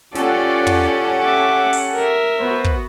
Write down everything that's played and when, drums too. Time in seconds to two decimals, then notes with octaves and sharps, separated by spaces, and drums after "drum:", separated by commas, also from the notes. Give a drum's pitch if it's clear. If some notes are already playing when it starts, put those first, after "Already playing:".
0.15 C#4 F4 G4 A4 D5 F#5, drum: snare
0.67 drum: tom
1.23 E5 D6
1.73 drum: open hi-hat
1.95 A#4 E5
2.39 B3 F#4 B4 C5
2.64 drum: kick